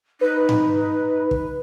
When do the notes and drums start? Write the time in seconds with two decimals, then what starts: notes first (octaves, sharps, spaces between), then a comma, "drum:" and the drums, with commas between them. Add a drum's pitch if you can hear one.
0.21 D#4 B4
0.49 drum: tom G#2
1.31 drum: kick